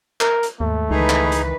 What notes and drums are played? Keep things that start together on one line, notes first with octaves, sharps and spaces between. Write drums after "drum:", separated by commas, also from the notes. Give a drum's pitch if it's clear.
A#4, drum: clap
drum: hi-hat
D#2 G#2 A3
C#2 D#3 E3 D#4 G#4 B4
drum: clap
drum: hi-hat